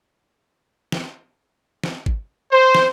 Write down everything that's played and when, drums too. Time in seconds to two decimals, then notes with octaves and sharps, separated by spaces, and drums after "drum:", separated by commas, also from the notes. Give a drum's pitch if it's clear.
0.92 drum: snare
1.84 drum: snare
2.06 drum: kick
2.52 C5
2.75 drum: snare